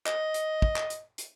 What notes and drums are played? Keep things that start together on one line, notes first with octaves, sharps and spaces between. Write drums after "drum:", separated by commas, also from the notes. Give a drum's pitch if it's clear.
D#5, drum: clap
drum: hi-hat
drum: kick
drum: clap
drum: hi-hat
drum: hi-hat